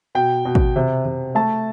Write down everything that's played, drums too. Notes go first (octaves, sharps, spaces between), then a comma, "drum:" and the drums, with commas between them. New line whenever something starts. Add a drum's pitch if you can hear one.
B2 G5
B2
drum: kick
C3
C3
A3 A5